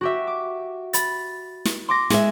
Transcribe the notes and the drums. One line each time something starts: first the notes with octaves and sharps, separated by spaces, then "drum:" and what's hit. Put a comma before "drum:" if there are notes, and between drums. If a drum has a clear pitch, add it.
F#4 G4 E5
D6
B5 A6, drum: hi-hat
drum: snare
C6 D6 A#6
G#3 E5, drum: snare